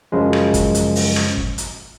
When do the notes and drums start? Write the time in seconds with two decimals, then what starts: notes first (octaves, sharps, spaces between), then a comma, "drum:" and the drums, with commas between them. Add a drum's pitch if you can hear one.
0.12 F#2 C#3 F3 G#3
0.33 drum: rim click
0.54 drum: kick, hi-hat
0.75 drum: hi-hat
0.95 drum: open hi-hat
1.16 drum: rim click
1.37 drum: kick
1.58 drum: hi-hat